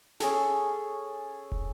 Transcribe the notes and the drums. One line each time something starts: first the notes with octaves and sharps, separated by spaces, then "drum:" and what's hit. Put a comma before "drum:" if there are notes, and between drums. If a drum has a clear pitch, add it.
C#4 G#4 A4, drum: snare
drum: kick